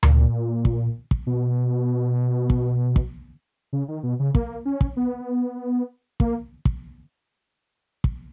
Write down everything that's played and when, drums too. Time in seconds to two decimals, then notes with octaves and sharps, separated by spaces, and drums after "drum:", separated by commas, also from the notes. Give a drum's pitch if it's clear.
0.03 A#2, drum: tom D2
0.65 drum: kick
1.11 drum: kick
1.27 B2
2.50 drum: kick
2.96 drum: kick
3.73 C#3
3.88 D#3
4.03 B2
4.20 C#3
4.35 A#3, drum: kick
4.65 C#4
4.81 drum: kick
4.97 B3
6.20 A#3, drum: kick
6.65 drum: kick
8.04 drum: kick